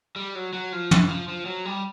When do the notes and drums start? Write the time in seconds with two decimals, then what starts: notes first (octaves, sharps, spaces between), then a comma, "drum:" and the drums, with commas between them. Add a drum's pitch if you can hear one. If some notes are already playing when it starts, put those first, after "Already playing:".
0.16 G3
0.35 F#3
0.53 F#3
0.72 F3
0.91 E3, drum: tom
1.09 F3
1.28 F3
1.46 F#3
1.65 G3